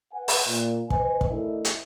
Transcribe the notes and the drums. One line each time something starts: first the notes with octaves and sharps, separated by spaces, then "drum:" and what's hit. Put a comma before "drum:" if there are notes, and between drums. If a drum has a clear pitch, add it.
B4 F#5 G#5
drum: open hi-hat
A#2
B4 C5 D#5 G#5, drum: kick
drum: kick
A3 D4 E4 A#4 D#5 E5
drum: hi-hat